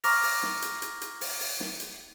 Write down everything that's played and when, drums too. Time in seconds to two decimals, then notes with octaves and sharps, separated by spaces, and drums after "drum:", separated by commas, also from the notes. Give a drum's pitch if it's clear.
0.04 A#5 C#6 D6 F6 A#6 F7, drum: open hi-hat
0.23 drum: open hi-hat
0.43 drum: snare
0.62 drum: hi-hat
0.82 drum: hi-hat
1.01 drum: hi-hat
1.21 drum: open hi-hat
1.41 drum: open hi-hat
1.60 drum: snare
1.80 drum: hi-hat